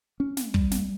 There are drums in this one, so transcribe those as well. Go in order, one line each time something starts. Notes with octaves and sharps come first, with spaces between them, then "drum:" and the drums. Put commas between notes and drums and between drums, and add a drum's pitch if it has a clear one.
C#4
drum: snare
G3, drum: kick
drum: snare